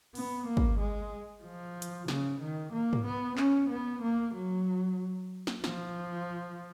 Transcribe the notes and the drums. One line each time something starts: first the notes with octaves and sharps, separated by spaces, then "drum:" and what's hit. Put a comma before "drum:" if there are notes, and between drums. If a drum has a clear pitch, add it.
B3, drum: open hi-hat
A#3
drum: kick
G#3
F3
drum: hi-hat
C#3, drum: snare
D#3
A#3
drum: tom G#2
B3
C#4, drum: clap
B3
A#3
F#3
drum: snare
F3, drum: snare